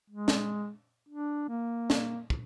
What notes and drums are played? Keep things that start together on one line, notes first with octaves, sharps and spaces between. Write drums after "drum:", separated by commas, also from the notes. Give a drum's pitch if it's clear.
G#3
drum: snare
D4
A#3
drum: snare
drum: kick